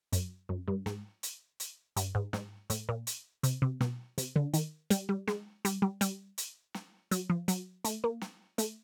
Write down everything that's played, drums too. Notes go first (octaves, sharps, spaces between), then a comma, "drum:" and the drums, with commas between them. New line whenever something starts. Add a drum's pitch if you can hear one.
F#2, drum: hi-hat
F#2
G2
G#2, drum: snare
drum: hi-hat
drum: hi-hat
G2, drum: hi-hat
G#2
G#2, drum: snare
A2, drum: hi-hat
A#2
drum: hi-hat
C3, drum: hi-hat
C3
B2, drum: snare
C3, drum: hi-hat
D3
D#3, drum: hi-hat
G3, drum: hi-hat
G3
G#3, drum: snare
G3, drum: hi-hat
G3
G3, drum: hi-hat
drum: hi-hat
drum: snare
F#3, drum: hi-hat
F3
F#3, drum: hi-hat
A3, drum: hi-hat
A#3
drum: snare
A3, drum: hi-hat